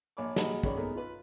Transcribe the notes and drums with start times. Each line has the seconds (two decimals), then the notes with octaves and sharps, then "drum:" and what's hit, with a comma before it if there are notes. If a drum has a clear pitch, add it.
0.17 A#1 C#5 G#5 B5 D6
0.36 A#1 F#3 G#4 D#5 F#5 B5, drum: snare
0.63 D#3 G#3 C#4 C#5 D5 B5, drum: kick
0.77 A3 B3 D#4 G#4 A#4
0.95 F4 B4 B5